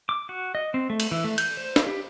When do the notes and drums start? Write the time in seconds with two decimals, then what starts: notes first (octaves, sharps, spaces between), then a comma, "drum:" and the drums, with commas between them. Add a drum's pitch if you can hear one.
0.09 D6
0.29 F#4
0.55 D#5
0.74 C4
0.90 A3
1.00 drum: cymbal
1.11 E3
1.24 A3
1.38 G6, drum: cymbal
1.57 C5
1.76 drum: snare
1.87 G4